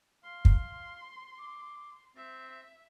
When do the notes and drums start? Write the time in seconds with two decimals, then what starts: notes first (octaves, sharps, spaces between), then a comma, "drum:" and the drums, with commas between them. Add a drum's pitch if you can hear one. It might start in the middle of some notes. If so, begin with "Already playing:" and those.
0.24 F5 C6
0.45 drum: kick
1.39 D6
2.16 C4 E5